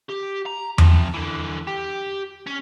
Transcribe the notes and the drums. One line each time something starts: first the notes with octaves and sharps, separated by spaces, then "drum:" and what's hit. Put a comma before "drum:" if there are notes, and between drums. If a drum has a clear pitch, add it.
G4
A#5
C3 F3, drum: tom E2
D3 E3
G4
C#4